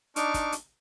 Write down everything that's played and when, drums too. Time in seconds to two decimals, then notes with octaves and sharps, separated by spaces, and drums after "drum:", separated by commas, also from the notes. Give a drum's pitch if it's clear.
0.16 D4 D#4 C#6 D6 F6, drum: hi-hat
0.34 drum: kick, hi-hat
0.52 drum: hi-hat